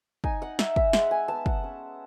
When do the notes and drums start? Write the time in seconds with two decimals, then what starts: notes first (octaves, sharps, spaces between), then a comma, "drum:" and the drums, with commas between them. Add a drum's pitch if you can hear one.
0.24 D#4 G#5, drum: kick
0.42 F#5
0.59 D#4 E5, drum: snare
0.76 E5, drum: kick
0.93 G#3 F#5, drum: snare
1.11 G#5
1.28 B3 A5
1.46 F#5, drum: kick
1.64 C#4